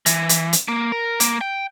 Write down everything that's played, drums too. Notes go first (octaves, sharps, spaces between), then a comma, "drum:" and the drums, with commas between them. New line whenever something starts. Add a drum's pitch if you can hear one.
E3, drum: hi-hat
drum: hi-hat
drum: hi-hat
A#3
A#4
A#3, drum: hi-hat
G5